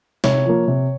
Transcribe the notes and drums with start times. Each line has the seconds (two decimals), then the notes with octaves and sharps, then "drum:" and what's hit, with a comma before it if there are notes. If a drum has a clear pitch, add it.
0.24 C3 C#5, drum: snare
0.46 F3 A#3
0.68 C3